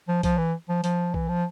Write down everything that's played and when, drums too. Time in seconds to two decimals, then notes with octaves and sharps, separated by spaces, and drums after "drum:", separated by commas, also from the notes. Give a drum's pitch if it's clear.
0.08 F3
0.23 F3, drum: kick B1, hi-hat
0.38 E3
0.69 F3
0.84 F3, drum: hi-hat
1.14 E3, drum: kick B1
1.28 F3